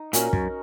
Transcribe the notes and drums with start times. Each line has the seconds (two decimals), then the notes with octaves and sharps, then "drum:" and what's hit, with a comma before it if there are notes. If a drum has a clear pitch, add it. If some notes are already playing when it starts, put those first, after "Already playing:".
Already playing: D#4
0.13 A#2 C#4 F#4 A#4, drum: hi-hat
0.33 F#2, drum: kick